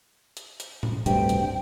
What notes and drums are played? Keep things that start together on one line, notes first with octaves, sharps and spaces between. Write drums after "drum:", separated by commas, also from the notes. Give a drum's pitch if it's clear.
drum: hi-hat
drum: hi-hat
drum: tom A2
D2 G2 C3 G5, drum: hi-hat
drum: hi-hat